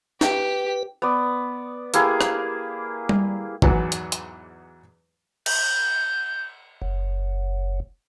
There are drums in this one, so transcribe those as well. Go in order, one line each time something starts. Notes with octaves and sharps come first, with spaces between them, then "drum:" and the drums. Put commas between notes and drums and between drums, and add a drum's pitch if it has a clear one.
G4 B4, drum: snare
B3 D5
A#3 E4 G4 G#4, drum: hi-hat
drum: rim click
drum: tom G3
E2 G#2 E3 F#3 B3, drum: kick
drum: hi-hat
drum: hi-hat
G6, drum: cymbal
F#1